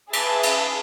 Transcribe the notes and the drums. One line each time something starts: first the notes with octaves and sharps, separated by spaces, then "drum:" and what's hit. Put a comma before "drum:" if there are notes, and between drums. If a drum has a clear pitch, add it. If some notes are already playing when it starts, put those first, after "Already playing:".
G#4 B4 E5 A5, drum: cymbal
drum: cymbal